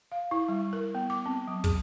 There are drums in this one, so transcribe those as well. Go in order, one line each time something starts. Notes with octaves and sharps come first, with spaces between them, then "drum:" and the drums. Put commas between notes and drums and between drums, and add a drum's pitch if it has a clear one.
F5
E4
G3
A#4
B3
D6
C4
F#3
G#4, drum: kick, hi-hat